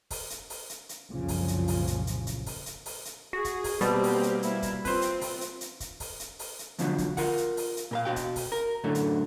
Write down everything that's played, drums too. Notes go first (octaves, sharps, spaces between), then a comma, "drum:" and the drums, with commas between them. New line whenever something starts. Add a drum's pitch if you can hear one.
drum: kick, open hi-hat
drum: hi-hat
drum: open hi-hat
drum: hi-hat
drum: hi-hat
C2 F#2 A#2 C#3 F3
drum: kick, open hi-hat
drum: hi-hat
drum: open hi-hat
drum: hi-hat
drum: hi-hat
drum: kick, hi-hat
drum: kick, open hi-hat
drum: hi-hat
drum: open hi-hat
drum: hi-hat
F#4 G#4
drum: kick, hi-hat
drum: kick, open hi-hat
B2 G3 A#3 C4 G4, drum: hi-hat
drum: open hi-hat
drum: hi-hat
A#3 E4, drum: hi-hat
drum: kick, hi-hat
C4 F4 B4 C5, drum: kick, open hi-hat
drum: hi-hat
drum: open hi-hat
drum: hi-hat
drum: hi-hat
drum: kick, hi-hat
drum: kick, open hi-hat
drum: hi-hat
drum: open hi-hat
drum: hi-hat
F2 B2 D3 F3 F#3, drum: hi-hat
drum: kick, hi-hat
F4 A#4 F#5, drum: kick, open hi-hat
drum: hi-hat
drum: open hi-hat
drum: hi-hat
A#2 A#4 F5
B2 F#4 G5
drum: kick, hi-hat
drum: kick, open hi-hat
A#4
F#2 A2 D3 F#3 A3
drum: hi-hat